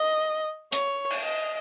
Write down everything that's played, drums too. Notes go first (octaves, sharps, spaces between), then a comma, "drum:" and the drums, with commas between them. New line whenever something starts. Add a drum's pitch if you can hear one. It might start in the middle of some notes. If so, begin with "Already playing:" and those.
Already playing: D#5
C#5, drum: hi-hat
drum: cymbal
D#5